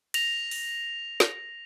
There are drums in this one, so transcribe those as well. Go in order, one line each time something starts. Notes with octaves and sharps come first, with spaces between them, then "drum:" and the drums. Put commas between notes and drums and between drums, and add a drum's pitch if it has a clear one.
A#6 F7, drum: cymbal
drum: open hi-hat
drum: snare